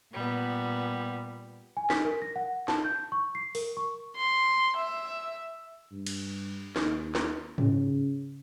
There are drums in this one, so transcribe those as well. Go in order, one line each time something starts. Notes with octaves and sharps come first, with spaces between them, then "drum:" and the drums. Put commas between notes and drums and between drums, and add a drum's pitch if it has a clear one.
A#2 G3 B3
G#5
B6, drum: snare
A#4
A#6
F#5
A5, drum: snare
G6
C#6
C7
A#4, drum: open hi-hat
C#6
C6
E5
G2
drum: cymbal
D#2, drum: snare
drum: snare
C#3, drum: tom G#2